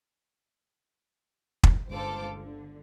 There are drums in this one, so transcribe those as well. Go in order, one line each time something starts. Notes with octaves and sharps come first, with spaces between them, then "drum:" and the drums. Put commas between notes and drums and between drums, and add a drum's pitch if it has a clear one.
drum: kick
G1 C#2 A4 C5 F5 D6
D3